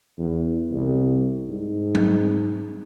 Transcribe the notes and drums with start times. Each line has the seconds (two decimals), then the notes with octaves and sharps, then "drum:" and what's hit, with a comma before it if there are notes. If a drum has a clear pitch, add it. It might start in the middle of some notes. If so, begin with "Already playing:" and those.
0.18 E2
0.71 C2
1.49 G#2
1.95 drum: tom F#3